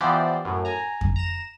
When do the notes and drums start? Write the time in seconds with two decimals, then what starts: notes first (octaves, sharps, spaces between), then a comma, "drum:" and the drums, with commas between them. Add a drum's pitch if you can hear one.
0.01 E3 F3 B3 G4 C5 D5
0.45 F#2 A2
0.65 G#5 A#5
1.01 drum: kick F2
1.16 A#5 E7